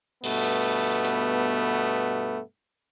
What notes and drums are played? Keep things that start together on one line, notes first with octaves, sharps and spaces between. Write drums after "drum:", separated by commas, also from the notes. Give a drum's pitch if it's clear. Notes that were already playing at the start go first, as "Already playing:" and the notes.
G2 B2 A3 B3, drum: open hi-hat
drum: hi-hat